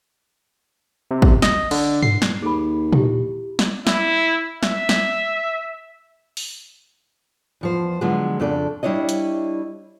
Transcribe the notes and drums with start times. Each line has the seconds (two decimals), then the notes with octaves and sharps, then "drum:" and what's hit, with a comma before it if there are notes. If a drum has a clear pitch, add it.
1.11 C3
1.22 drum: kick
1.42 D#5, drum: snare
1.71 D3, drum: cymbal
2.03 C7, drum: tom G2
2.22 drum: snare
2.43 D#2 G#4 A4 B5
2.93 E4 G4, drum: tom A#2
3.59 drum: snare
3.87 E4, drum: snare
4.63 E5, drum: snare
4.89 drum: snare
6.37 drum: open hi-hat
7.61 E2 F3 C5
8.01 D3 F3 F#3 G#3 B3
8.40 F2 C#3 D4 A4 D5
8.83 G3 D4 E4 C#5 D#5
9.09 drum: hi-hat